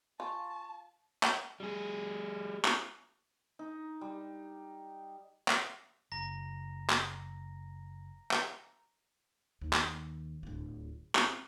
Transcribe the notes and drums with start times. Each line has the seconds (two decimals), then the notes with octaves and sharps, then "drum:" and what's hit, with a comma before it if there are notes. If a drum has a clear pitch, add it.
0.20 F4 G#5 A5 C#6
1.23 drum: clap
1.60 G3 G#4
2.65 drum: clap
3.59 D#4
4.01 G3
5.48 drum: clap
6.12 F#1 A#5 A#6
6.90 drum: clap
8.31 drum: clap
9.61 D#2
9.73 drum: clap
10.43 D1 F4
11.15 C4, drum: clap